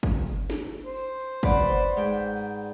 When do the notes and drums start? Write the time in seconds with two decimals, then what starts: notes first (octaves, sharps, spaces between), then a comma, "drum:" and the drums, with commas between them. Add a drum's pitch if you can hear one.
0.03 drum: kick, tambourine
0.26 drum: tambourine
0.50 drum: snare
0.87 C5
0.96 drum: tambourine
1.20 drum: tambourine
1.43 B4 D5 F#5, drum: kick, tambourine
1.66 drum: tambourine
1.97 G#2 G5
2.13 drum: tambourine
2.36 drum: tambourine